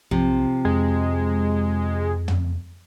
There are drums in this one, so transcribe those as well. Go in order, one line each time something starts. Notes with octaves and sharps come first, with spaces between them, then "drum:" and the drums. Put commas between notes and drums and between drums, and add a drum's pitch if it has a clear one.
B1 C3 F3
F2 G#3
drum: tom